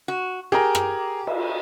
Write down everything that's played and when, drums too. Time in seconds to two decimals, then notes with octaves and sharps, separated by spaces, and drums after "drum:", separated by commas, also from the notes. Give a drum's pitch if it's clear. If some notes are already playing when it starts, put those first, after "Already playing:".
0.08 F#4
0.52 G4 G#4 A#4 A#5
0.75 drum: rim click
1.27 drum: cymbal